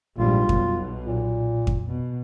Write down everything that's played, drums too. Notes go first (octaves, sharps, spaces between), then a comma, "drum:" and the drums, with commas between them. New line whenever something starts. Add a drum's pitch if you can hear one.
A#1 G#2 G3 F4
B1 B2, drum: kick F2
A#2
drum: kick F2
B2